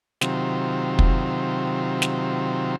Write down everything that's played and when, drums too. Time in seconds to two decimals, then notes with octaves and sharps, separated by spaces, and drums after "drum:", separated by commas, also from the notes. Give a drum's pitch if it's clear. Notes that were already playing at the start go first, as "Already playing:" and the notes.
0.21 C3 D#3 F#3 C4 F4 G4, drum: snare
0.99 drum: kick
2.02 drum: snare